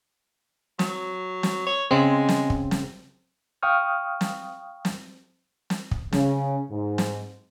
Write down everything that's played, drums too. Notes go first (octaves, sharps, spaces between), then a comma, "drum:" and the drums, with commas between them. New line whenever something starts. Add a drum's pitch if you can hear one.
F#3, drum: snare
drum: snare
C#5
C#3 G#3 C4
drum: snare
drum: kick
drum: snare
F5 G5 C#6 D#6 F6
drum: snare
drum: snare
drum: snare
drum: kick
C#3, drum: snare
G#2
drum: snare